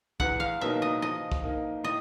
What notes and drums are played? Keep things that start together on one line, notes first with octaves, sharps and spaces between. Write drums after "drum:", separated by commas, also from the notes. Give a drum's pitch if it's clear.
E2 F#5, drum: kick
F5
B2 F#3 A#3 D#4 E5
D#5
F3 D#5
drum: kick
A#3 D#4
A2 D#5